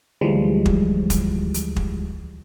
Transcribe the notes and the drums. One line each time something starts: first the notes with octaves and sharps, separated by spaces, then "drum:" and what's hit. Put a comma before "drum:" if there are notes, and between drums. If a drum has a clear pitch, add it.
D2 E3 F3 G3 G#3
drum: kick
drum: kick, hi-hat
drum: hi-hat
drum: kick